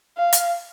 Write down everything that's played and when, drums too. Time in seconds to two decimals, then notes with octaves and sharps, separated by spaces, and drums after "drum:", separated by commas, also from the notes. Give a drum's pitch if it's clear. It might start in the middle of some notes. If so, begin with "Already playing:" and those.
0.17 F5
0.33 drum: hi-hat